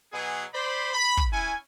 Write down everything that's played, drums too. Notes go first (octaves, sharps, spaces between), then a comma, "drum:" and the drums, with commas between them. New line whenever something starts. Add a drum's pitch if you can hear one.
B2 F#3 B3 G#4
C5 D5 B5
B5
drum: kick
C#4 E4 G#5